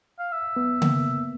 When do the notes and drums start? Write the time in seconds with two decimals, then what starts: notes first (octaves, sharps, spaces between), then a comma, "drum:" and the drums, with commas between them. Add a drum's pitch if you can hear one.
0.19 F5
0.32 E5
0.56 B3
0.82 A#3, drum: tom C#3